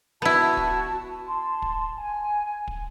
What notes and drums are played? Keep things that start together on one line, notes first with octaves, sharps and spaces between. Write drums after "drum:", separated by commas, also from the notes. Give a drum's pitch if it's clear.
B3 E4 F#4 A5
drum: kick
A5 C6
drum: kick
G#5
drum: kick